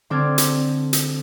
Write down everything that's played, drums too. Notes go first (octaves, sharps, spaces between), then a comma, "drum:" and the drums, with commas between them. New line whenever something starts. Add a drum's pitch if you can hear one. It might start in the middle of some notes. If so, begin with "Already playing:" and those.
D3 C4 A4 D6 F6 G#6
drum: hi-hat
drum: hi-hat